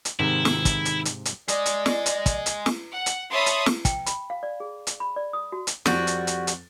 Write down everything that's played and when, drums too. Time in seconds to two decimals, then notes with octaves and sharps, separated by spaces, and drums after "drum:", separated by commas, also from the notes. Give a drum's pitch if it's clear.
0.05 drum: hi-hat
0.19 G#2 C3 D#3 E4
0.45 drum: snare
0.65 drum: kick, hi-hat
0.85 drum: hi-hat
1.05 drum: hi-hat
1.25 drum: hi-hat
1.48 G#4 D5 D#5, drum: hi-hat
1.66 drum: hi-hat
1.86 drum: snare
2.06 drum: hi-hat
2.26 drum: kick, hi-hat
2.46 drum: hi-hat
2.66 drum: snare
2.91 F#5
3.06 drum: hi-hat
3.31 C#5 E5 A5 B5 C6 D#6
3.46 drum: hi-hat
3.66 drum: snare
3.85 G5, drum: kick, hi-hat
4.06 B5, drum: hi-hat
4.30 F5
4.43 D5
4.60 G#4
4.87 drum: hi-hat
5.00 B5
5.16 D5
5.33 D#6
5.52 F#4
5.67 drum: hi-hat
5.86 F2 G3 C4 F#4 A6, drum: snare
6.07 drum: hi-hat
6.27 drum: hi-hat
6.47 drum: hi-hat